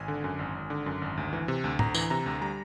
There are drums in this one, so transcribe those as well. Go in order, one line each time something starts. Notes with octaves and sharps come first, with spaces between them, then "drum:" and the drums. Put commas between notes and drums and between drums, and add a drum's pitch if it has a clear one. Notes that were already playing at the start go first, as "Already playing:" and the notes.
Already playing: G#1 G#5
D3
F#2
G#1
G#1
D3
F#2
G#1
D2
E3
C3
D2
D2 A#5, drum: tom
E3, drum: tambourine
C3 A#5
D2
G3 A#5